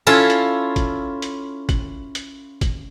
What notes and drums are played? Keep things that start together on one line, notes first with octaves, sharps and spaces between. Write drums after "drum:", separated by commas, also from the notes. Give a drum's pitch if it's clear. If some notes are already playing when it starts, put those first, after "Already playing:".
C#4 E4 F4 A4
drum: hi-hat
drum: kick, hi-hat
drum: hi-hat
drum: kick, hi-hat
drum: hi-hat
drum: kick, hi-hat